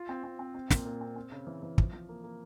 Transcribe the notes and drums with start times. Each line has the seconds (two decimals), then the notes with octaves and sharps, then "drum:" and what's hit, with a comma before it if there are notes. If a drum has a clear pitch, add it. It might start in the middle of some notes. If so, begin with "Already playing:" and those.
Already playing: F4
0.09 C4
0.24 C4
0.39 C4
0.55 C4
0.70 A#2, drum: snare
0.85 A#2
1.01 C4
1.16 C4
1.32 C#3
1.47 E3
1.63 E3
1.78 F3, drum: kick
1.93 F3
2.09 A#3
2.24 A#3